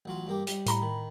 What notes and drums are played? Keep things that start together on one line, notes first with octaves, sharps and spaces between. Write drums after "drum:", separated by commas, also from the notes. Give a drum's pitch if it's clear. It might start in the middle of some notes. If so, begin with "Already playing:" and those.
A1 F#3 F4
G2 A#3 G4
G3, drum: hi-hat
A2 A#5 B5, drum: hi-hat
D#3